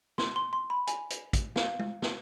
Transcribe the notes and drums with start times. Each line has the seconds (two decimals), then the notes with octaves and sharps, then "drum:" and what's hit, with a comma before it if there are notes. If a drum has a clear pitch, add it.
0.18 C6, drum: snare
0.36 C6
0.53 C6
0.70 B5
0.87 G#5, drum: hi-hat
1.10 drum: hi-hat
1.33 drum: kick, hi-hat
1.56 F5, drum: snare
1.79 drum: tom G#3
2.02 drum: snare